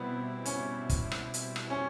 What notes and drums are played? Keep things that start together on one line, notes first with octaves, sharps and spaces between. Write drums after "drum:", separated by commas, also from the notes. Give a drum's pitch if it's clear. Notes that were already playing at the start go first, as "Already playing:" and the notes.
Already playing: B2 G3 B3 C4 E4
C#4, drum: hi-hat
drum: kick, hi-hat
drum: rim click
drum: hi-hat
drum: rim click
C#4